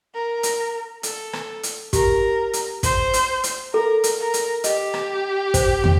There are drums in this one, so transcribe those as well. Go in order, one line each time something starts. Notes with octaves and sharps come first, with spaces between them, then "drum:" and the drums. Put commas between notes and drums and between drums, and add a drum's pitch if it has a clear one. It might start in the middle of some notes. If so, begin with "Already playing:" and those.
A#4
drum: hi-hat
A4, drum: hi-hat
drum: rim click
drum: hi-hat
G4 A#4, drum: kick, hi-hat
drum: hi-hat
C5, drum: kick, hi-hat
drum: hi-hat
drum: hi-hat
A4 A#4
drum: hi-hat
A#4
drum: hi-hat
G4 D#5, drum: hi-hat
drum: rim click
C5, drum: kick, hi-hat
drum: tom